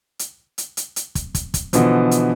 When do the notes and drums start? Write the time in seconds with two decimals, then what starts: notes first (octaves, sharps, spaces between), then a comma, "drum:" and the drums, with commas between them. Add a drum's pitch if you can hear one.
0.19 drum: hi-hat
0.58 drum: hi-hat
0.77 drum: hi-hat
0.96 drum: hi-hat
1.15 drum: kick, hi-hat
1.35 drum: kick, hi-hat
1.54 drum: kick, hi-hat
1.73 B2 D3 E3 F3, drum: hi-hat
2.11 drum: hi-hat